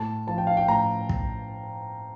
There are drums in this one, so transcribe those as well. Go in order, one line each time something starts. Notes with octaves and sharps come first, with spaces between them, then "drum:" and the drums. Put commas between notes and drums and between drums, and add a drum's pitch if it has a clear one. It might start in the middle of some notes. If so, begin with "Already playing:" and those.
Already playing: A2 A5
F3 A5
G5
F5
G5
A2 A#5
drum: kick